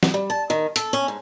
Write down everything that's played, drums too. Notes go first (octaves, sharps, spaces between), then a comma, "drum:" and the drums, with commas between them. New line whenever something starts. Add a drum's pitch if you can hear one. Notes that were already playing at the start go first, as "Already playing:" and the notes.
drum: snare
G3
A5
D#3
A4, drum: hi-hat
C#4
G#2